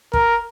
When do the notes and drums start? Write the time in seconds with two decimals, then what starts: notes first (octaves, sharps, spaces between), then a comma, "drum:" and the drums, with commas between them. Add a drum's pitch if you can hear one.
0.13 A#4, drum: kick